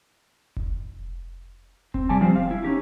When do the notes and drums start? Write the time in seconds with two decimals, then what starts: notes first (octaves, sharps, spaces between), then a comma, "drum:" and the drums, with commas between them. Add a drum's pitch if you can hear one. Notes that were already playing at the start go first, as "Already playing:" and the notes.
0.57 drum: kick F1
1.94 C4, drum: kick F1
2.09 C3 G3 D5 G#5 A5
2.21 F3 G3 C4 C5
2.36 F5
2.51 E4
2.64 C#4 D#4 G4